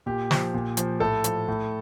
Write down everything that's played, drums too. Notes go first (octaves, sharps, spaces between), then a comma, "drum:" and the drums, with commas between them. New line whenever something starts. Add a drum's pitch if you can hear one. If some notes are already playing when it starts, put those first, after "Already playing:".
A#2 G4
F3, drum: snare
A#2
F3, drum: hi-hat
A2 A4
F3, drum: hi-hat
A2